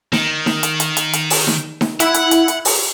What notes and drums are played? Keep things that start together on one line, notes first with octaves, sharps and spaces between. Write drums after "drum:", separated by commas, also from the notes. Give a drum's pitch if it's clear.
D#3, drum: snare D#4
drum: snare D#4
drum: hi-hat
drum: hi-hat
drum: hi-hat
drum: hi-hat
drum: open hi-hat
drum: snare D#4
drum: snare D#4
E4 F#5, drum: hi-hat
drum: hi-hat
drum: hi-hat
drum: hi-hat
drum: open hi-hat